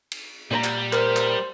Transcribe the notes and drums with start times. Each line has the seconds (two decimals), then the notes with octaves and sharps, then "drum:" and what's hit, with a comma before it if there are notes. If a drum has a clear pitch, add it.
0.12 drum: cymbal
0.51 A#2 G3 B4 A#5
0.64 drum: clap
0.93 A#4 C5, drum: clap
1.16 drum: clap